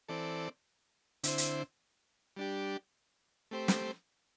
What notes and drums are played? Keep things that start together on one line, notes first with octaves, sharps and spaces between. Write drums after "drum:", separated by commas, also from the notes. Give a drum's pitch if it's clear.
E3 C4 A4 D5
D3 C4 E4 C5, drum: hi-hat
drum: hi-hat
G3 D4 G4
A3 C4 G4 C5
drum: snare